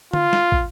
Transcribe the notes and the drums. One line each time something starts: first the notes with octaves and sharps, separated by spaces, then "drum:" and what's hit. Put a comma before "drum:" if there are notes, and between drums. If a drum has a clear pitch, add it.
F4, drum: tom D3
drum: snare
drum: kick